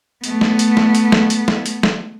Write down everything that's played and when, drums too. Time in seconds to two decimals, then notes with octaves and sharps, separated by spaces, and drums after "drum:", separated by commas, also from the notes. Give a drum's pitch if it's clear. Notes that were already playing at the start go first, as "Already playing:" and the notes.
0.24 A3 B3, drum: hi-hat
0.41 drum: snare
0.59 drum: hi-hat
0.77 drum: snare
0.95 drum: hi-hat
1.12 drum: snare
1.30 drum: hi-hat
1.48 drum: snare
1.66 drum: hi-hat
1.83 drum: snare